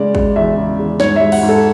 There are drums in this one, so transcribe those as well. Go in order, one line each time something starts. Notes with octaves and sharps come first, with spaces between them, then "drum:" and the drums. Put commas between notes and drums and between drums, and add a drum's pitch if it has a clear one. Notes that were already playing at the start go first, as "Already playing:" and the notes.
Already playing: C#3 G#3 D5
G#3, drum: kick
E2 E5
C#3
E2
G#2 C#5, drum: snare
E5
G#3
F#5, drum: cymbal
G#2
A4